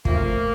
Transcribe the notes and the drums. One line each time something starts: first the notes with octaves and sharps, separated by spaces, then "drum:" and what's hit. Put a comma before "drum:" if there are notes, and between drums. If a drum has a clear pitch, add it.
F3 A3 A#3 C4 F4, drum: kick